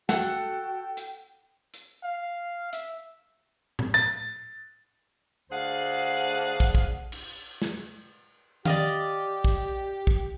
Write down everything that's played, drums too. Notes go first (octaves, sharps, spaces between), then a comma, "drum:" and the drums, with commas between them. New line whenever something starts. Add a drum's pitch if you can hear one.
F#4 A4 F#5 G5, drum: snare
drum: hi-hat
drum: hi-hat
F5
E5, drum: hi-hat
drum: tom A2
A6, drum: hi-hat
D2 D4 G#4 C5 F5 F#5
drum: kick
drum: kick
drum: cymbal
drum: snare
G4 D5 D#5 F5, drum: tom D#3
drum: kick
drum: kick